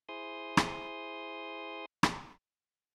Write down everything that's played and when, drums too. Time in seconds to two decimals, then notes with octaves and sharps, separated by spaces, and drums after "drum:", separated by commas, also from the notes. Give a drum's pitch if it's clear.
0.09 E4 G#4 C5 C6 D#6
0.57 drum: rim click
2.03 drum: rim click